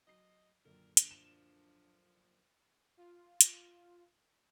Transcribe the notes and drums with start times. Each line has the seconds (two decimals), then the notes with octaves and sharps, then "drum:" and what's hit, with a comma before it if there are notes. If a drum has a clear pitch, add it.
0.07 F#3 D#5 C7
0.65 F#2 A#2 D3 D#3 A4 A#4
0.97 D4 A4, drum: hi-hat
1.11 F3 E7
2.97 F4
3.41 drum: hi-hat